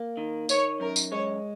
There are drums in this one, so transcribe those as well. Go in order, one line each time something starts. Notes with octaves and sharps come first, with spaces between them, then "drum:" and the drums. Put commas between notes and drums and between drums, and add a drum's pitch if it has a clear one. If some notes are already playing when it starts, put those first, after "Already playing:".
Already playing: A#3
D#3
D#3 C#5, drum: tambourine
F#2 A#4
drum: tambourine
G#3 C#5